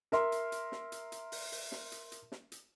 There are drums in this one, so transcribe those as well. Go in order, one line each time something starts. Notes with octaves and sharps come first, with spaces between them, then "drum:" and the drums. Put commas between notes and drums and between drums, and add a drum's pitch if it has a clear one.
A#4 E5 C6, drum: snare
drum: hi-hat
drum: hi-hat
drum: snare
drum: hi-hat
drum: hi-hat
drum: open hi-hat
drum: open hi-hat
drum: snare
drum: hi-hat
drum: hi-hat
drum: snare
drum: hi-hat